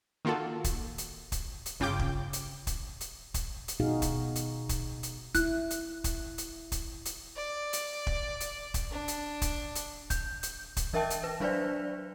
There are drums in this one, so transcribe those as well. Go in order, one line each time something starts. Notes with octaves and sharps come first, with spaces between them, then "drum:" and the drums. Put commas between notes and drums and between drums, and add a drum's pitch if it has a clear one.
D#3 A#3 F4 F#4 A4
drum: kick, hi-hat
drum: hi-hat
drum: kick, hi-hat
drum: hi-hat
G1 C#3 F4 G5 D6 G6
drum: kick
drum: hi-hat
drum: kick, hi-hat
drum: hi-hat
drum: kick, hi-hat
drum: hi-hat
B2 D#4 F#4 G#4 F5
drum: kick, hi-hat
drum: hi-hat
drum: kick, hi-hat
drum: hi-hat
E4 F#6, drum: kick, hi-hat
drum: hi-hat
drum: kick, hi-hat
drum: hi-hat
drum: kick, hi-hat
drum: hi-hat
D5
drum: hi-hat
drum: kick
drum: hi-hat
drum: kick, hi-hat
D4
drum: hi-hat
drum: kick, hi-hat
drum: hi-hat
G6, drum: kick, hi-hat
drum: hi-hat
drum: kick, hi-hat
E3 A#4 E5 G5 A5
drum: hi-hat
B4
F#3 D4 B4 C5 D5